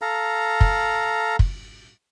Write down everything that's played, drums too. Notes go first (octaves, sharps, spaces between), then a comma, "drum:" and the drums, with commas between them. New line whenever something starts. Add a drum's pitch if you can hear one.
A4 F5 A#5
drum: kick
drum: kick